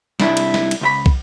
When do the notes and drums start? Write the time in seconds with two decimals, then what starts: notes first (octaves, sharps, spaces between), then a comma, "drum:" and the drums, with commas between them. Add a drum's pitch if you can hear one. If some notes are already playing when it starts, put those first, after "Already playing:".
0.20 C2 D4 E4, drum: snare
0.37 drum: cymbal
0.54 drum: snare
0.71 drum: cymbal
0.81 C#2 F4 B5
1.06 drum: kick